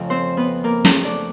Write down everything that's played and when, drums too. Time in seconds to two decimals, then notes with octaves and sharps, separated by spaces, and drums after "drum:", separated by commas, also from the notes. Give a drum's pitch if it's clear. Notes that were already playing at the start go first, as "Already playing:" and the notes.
Already playing: F2 C#3 F3 A3
0.10 C4 C5
0.37 B3 B4
0.64 A#3 A#4
0.85 A3 A4, drum: snare
1.05 D4 D5